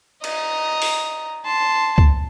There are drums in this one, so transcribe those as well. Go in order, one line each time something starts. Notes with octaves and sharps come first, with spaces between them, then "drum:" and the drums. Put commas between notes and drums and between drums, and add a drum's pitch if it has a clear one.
D#5 A#5, drum: cymbal
drum: open hi-hat
A5 C6
drum: kick C#2